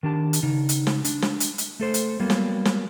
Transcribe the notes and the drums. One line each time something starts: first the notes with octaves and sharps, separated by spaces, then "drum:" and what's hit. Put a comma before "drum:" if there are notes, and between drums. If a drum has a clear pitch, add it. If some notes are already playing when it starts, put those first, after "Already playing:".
D#3 D4 G4 A5
drum: hi-hat
C#3 D#4
drum: hi-hat
drum: snare
D4, drum: hi-hat
drum: snare
drum: hi-hat
drum: hi-hat
A3 A4 C5
drum: hi-hat
F#3 G3 A#3 B3
drum: snare
drum: snare